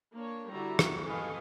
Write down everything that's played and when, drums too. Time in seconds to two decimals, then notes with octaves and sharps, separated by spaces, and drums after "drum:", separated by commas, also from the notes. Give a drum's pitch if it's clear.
0.14 A#3 D4 C#5
0.51 D3 G3 E4 F#4 A#5
0.79 drum: rim click
1.06 G4 A4 B4 D#5 F5 G#5